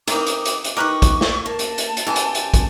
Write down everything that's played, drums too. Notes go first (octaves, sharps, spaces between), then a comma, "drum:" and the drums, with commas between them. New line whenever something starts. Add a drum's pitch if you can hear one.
D#3 E3 C4 D#4 A#4 D6, drum: hi-hat
drum: hi-hat
drum: hi-hat
drum: hi-hat
D#3 G4 A#4 B4 D#5 C#6 D6
drum: kick, hi-hat
drum: snare
A#3 A5
drum: hi-hat
drum: hi-hat
drum: hi-hat
F#2 B2 E3 G4 G#5
drum: hi-hat
drum: hi-hat
drum: kick, hi-hat